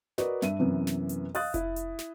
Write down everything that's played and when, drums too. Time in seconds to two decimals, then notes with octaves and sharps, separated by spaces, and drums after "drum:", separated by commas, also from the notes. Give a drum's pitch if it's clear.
0.18 F#4 A#4 B4 D5 D#5, drum: snare
0.42 G2 E5 D#7, drum: snare
0.59 F#2 C3 E3 B3
0.87 drum: snare
1.09 drum: hi-hat
1.35 D#5 F5 D#6 F#6 A6, drum: open hi-hat
1.54 E4, drum: kick F1, hi-hat
1.76 drum: hi-hat
1.99 drum: snare